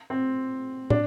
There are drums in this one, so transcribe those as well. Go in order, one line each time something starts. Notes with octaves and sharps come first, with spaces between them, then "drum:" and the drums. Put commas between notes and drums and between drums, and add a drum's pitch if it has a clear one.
C4
D4, drum: tom